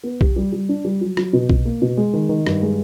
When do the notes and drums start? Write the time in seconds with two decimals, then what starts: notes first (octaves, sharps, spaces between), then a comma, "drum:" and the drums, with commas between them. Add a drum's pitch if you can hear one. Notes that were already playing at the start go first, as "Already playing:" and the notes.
0.04 B3
0.21 G4, drum: kick B1
0.36 G3
0.53 G3
0.69 D4
0.85 G3
1.01 F#3
1.17 F#3, drum: rim click
1.33 B2
1.49 B2, drum: kick B1
1.65 A#3
1.82 B2
1.97 G#3
2.13 D#3
2.29 D#3
2.46 G2, drum: rim click
2.62 G#3